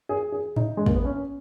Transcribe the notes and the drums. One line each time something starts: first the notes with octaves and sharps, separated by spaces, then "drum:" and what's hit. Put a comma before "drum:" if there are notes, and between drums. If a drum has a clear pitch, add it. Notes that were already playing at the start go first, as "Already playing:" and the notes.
G#4
G#4
D#4, drum: tom A2
G#3
A#3, drum: kick
B3
C#4